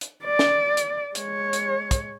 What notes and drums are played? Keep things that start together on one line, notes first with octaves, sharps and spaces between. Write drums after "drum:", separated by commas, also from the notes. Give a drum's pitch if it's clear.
drum: hi-hat
D5
drum: snare
drum: hi-hat
G#3 C#5, drum: hi-hat
drum: hi-hat
drum: kick, hi-hat